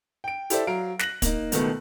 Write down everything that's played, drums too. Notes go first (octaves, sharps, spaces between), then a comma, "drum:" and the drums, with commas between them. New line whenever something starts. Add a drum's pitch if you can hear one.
G5 D7
E4 G4 A4 C5 D5 E5, drum: hi-hat
F#3 F5 A#5 D7
F#6 A#6 F#7, drum: snare
A#3 D#4, drum: kick, hi-hat
C#2 B2 D#3 A3 B3, drum: hi-hat